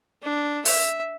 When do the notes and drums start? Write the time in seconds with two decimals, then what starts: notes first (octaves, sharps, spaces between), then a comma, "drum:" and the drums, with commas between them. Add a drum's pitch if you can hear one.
0.23 D4
0.65 E5, drum: open hi-hat